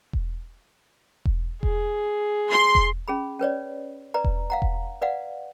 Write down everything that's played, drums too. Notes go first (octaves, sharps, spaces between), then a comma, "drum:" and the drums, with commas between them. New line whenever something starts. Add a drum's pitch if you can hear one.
drum: kick E1
drum: kick E1
G#4, drum: kick E1
C6
drum: kick E1
C#4 G#4 B5
C#4 B4 C#5 D5
B4 D5 A#5
drum: kick E1
F5 F#5 A#5
drum: kick E1
B4 D5 F5 F#5